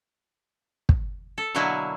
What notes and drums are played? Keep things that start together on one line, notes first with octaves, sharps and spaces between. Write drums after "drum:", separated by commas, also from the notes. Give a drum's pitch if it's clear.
drum: kick
A4
B2 D3 F#3 A#3 E4 F#4